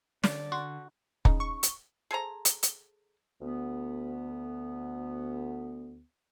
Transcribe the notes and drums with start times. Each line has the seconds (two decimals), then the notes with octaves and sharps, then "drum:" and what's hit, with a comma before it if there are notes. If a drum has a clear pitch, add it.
0.24 D3 D5, drum: snare
0.52 F#4 C6
1.25 C#3 D#4, drum: kick
1.40 C#6
1.63 drum: hi-hat
2.11 G#4 A4 C5 A#5
2.45 drum: hi-hat
2.63 drum: hi-hat
3.42 D2 B3